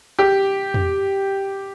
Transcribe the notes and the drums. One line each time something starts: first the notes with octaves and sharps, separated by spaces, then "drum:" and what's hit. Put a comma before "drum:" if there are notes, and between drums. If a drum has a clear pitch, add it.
G4
drum: tom